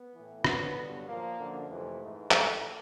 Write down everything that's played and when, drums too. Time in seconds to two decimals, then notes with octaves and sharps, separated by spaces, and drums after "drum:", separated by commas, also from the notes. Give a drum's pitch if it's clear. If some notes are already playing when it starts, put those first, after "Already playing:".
Already playing: B3
0.13 A2 E3
0.44 F2 D3 F#3 B3, drum: rim click
0.76 G2 D3 F#3
1.06 A#2 F3 A#3
1.37 F#2 D3 F3
1.68 F2 C3 E3 A3
2.00 G#2 E3
2.31 A2 E3 A3, drum: clap